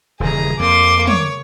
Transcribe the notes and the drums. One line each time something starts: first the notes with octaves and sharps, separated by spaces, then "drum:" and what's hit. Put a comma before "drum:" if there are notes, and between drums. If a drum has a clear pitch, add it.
D#1 C#3 E3 G#4 A#5
F2 A#3 C6 D6
C#5, drum: tom